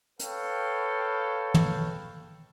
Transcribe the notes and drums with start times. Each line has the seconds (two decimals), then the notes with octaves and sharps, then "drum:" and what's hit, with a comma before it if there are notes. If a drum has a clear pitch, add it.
0.19 A4 B4 C#5 F5 G5, drum: hi-hat
1.54 drum: tom